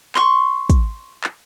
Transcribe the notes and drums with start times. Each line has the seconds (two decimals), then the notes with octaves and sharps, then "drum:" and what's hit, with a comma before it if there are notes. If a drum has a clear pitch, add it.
0.15 C6 C#6, drum: clap
0.70 drum: kick, hi-hat
1.24 drum: clap